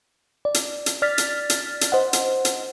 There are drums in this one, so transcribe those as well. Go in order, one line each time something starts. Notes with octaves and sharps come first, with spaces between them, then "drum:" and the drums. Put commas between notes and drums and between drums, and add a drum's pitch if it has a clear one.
D5
drum: hi-hat
drum: hi-hat
D5 F6 A6 B6
drum: hi-hat
drum: hi-hat
drum: hi-hat
C5 D#5 F#5
drum: hi-hat
drum: hi-hat